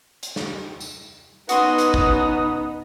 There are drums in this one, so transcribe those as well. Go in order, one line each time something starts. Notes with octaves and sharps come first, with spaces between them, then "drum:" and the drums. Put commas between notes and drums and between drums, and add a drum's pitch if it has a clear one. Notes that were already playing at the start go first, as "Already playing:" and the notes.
drum: hi-hat
drum: snare
drum: tambourine
B3 C#4 D#4 F#4 B4 C6 D#6, drum: hi-hat
drum: hi-hat
drum: kick